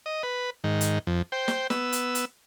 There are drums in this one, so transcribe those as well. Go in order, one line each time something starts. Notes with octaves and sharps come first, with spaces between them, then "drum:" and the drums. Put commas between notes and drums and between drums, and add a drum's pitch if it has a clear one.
D#5
B4
G#2 D#3
drum: hi-hat
F2
C5 G5
drum: snare
B3 E6, drum: snare
drum: hi-hat
drum: hi-hat